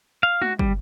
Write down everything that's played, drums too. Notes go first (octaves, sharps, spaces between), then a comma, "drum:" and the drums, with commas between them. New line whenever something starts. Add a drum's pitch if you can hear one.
F5
F#4, drum: tom G#3
G3, drum: kick